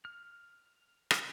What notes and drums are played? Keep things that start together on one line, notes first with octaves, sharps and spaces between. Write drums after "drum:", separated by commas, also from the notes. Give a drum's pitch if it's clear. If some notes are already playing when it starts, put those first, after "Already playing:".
F6
drum: rim click